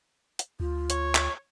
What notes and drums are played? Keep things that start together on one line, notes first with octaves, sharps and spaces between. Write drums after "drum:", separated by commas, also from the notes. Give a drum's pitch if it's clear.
drum: hi-hat
D2 F4
C#5, drum: hi-hat
drum: clap